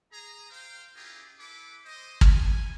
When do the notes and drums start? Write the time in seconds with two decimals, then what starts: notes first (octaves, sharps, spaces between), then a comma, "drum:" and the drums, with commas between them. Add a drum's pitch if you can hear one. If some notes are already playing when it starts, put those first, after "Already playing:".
0.11 G#4 A#5
0.50 C5 F5 G5
0.95 C#4 E4 F4 G4 G#4 A#4
1.39 E4 A4 B4 D6
1.85 C5 D#5
2.21 G#5, drum: kick